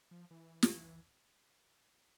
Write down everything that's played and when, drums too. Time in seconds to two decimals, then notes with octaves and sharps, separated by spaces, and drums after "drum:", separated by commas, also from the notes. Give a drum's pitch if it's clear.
0.11 F3
0.31 E3
0.63 drum: snare